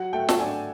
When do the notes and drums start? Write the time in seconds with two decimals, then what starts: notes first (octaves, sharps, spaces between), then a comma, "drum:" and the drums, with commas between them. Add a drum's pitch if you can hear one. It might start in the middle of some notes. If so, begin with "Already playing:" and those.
Already playing: F#3 F#5
0.13 A3 G5
0.29 A5, drum: snare
0.39 D4 G#5